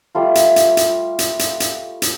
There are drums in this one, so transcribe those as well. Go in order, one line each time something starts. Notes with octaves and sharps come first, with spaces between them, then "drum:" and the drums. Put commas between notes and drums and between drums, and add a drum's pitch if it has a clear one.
G3 A3 F4
drum: hi-hat
drum: hi-hat
drum: hi-hat
drum: hi-hat
drum: hi-hat
drum: hi-hat
drum: hi-hat